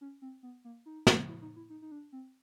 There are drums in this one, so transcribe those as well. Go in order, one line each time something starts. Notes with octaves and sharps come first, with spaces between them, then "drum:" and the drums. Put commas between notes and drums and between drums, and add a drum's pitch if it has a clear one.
C#4
C4
B3
A#3
D#4
drum: snare
E4
D#4
E4
D#4
D#4
D4
C4